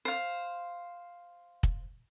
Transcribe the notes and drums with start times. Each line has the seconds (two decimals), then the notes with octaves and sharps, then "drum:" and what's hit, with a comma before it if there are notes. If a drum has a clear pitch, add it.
0.05 C5 F5
1.63 drum: kick